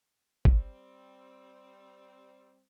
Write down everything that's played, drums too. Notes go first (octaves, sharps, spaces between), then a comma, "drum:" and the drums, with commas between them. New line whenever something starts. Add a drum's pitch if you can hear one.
G3 C4, drum: kick